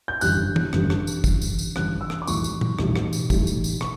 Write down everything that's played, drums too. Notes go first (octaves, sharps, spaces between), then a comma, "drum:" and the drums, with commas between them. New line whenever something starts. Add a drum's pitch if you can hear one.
G6
G1 F#2 E3 G3 F#6, drum: tambourine
drum: tom D#3
G1 F#2 E3 G3, drum: rim click
drum: rim click
drum: tambourine
G1 F#2 E3 G3, drum: kick, tambourine
drum: tambourine
drum: tambourine
G1 F#2 E3 G3 F#6, drum: rim click
E6
drum: rim click
D6
B1 A2 E3 G3 C#6, drum: tambourine
drum: tambourine
drum: tom A#2
B1 A2 E3 G3, drum: rim click
drum: rim click
drum: tambourine
B1 A2 E3 G3, drum: kick, tambourine
drum: tambourine
drum: tambourine
C#6, drum: rim click